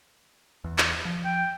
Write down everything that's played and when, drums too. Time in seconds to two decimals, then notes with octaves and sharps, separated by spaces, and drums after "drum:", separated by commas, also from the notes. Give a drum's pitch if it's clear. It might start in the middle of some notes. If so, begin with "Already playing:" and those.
0.64 E2
0.78 drum: clap
1.05 F3
1.25 G5